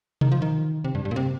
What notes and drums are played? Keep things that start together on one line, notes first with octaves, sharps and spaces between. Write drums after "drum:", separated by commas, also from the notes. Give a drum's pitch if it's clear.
D#3, drum: tom B2
F3
D#3
C3
G2
G2
A#2
C3